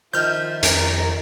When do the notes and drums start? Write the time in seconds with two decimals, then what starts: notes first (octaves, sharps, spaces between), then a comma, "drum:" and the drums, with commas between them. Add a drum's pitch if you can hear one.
0.14 D#3 F3 F4 E5 F6 G6
0.63 F2 A#5, drum: hi-hat